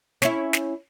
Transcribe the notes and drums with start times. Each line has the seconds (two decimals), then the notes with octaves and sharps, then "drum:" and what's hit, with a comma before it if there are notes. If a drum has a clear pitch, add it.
0.22 C#4 E4, drum: snare
0.53 drum: snare